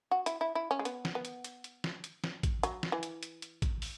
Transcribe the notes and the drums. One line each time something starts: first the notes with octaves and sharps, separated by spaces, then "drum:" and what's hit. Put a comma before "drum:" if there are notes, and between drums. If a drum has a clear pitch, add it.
F#4
E4, drum: hi-hat
E4
E4
C#4
G#3
B3, drum: hi-hat
drum: snare
B3
drum: hi-hat
drum: hi-hat
drum: hi-hat
drum: snare
drum: hi-hat
drum: snare
drum: kick, hi-hat
F#3, drum: hi-hat
drum: snare
E3
drum: hi-hat
drum: hi-hat
drum: hi-hat
drum: kick, hi-hat
drum: open hi-hat